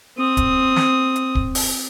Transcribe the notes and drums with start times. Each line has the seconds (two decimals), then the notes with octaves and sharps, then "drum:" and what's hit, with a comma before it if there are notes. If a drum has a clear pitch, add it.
0.17 C4 D#6
0.37 drum: kick, hi-hat
0.76 drum: snare
1.16 drum: hi-hat
1.35 drum: kick
1.55 drum: open hi-hat